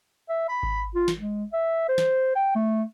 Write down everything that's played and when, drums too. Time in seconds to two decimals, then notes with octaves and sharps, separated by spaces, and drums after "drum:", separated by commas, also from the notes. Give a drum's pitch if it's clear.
0.29 E5
0.49 B5
0.63 drum: kick G#1
0.95 F4
1.08 drum: snare
1.19 G#3
1.53 E5
1.89 C5
1.98 drum: snare
2.36 G5
2.55 A3